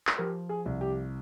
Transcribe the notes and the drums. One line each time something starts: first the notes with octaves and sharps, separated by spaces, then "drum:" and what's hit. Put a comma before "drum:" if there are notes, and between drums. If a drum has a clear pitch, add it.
drum: clap
F3 G4 A#4
G#4
C2
G4